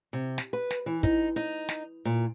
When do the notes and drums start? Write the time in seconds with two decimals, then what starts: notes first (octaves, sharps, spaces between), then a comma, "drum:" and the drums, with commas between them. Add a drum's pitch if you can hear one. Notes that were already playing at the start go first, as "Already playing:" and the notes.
0.13 C3
0.38 drum: snare
0.53 B4
0.71 drum: snare
0.86 E3
1.03 D#4, drum: kick, hi-hat
1.36 D#4, drum: hi-hat
1.69 drum: snare
2.05 A#2